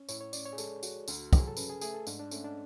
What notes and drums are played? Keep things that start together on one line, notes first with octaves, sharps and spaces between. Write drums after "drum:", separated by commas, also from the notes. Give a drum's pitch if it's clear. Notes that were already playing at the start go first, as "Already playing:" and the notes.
Already playing: C#4
A2 C#5, drum: tambourine
C#5
C#4 D5, drum: tambourine
C#5
G#4
G#3 A4, drum: tambourine
F#4, drum: tambourine
D2, drum: tambourine
F#3, drum: kick, tambourine
G#4
A4
C#3 B4, drum: tambourine
G#4
A3 G#4, drum: tambourine
A4
G#2 D4, drum: tambourine
D4
A3 C#4, drum: tambourine
D4